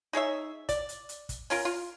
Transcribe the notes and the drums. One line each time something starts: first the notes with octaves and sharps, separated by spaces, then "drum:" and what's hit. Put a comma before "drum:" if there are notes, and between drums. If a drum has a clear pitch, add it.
D#4 G#4 C#5 E5
D5, drum: kick, hi-hat
drum: hi-hat
drum: hi-hat
drum: kick, hi-hat
C#4 F4 A#4, drum: open hi-hat
F4